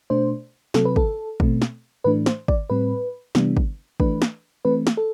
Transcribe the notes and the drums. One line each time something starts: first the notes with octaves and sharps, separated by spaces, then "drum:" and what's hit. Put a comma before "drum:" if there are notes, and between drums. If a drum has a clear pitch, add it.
B2 A3 D4 C5
C3 F#3 C4 A4, drum: snare
B4
A4, drum: kick
B2 A3 C4, drum: kick
drum: snare
A2 E3 A3 D4 B4
C5, drum: snare
D5, drum: kick
A2 G3 C4 B4
C3 E3 G3 B3 D4, drum: snare
drum: kick
E3 A3 D4 B4, drum: kick
drum: snare
E3 A3 C4 B4
drum: snare
A4